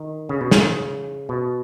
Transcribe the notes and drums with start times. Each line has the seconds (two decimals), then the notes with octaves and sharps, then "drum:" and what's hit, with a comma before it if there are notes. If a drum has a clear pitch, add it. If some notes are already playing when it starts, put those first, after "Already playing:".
Already playing: D#3
0.29 C#3
0.41 B2
0.51 C#3, drum: snare
1.29 B2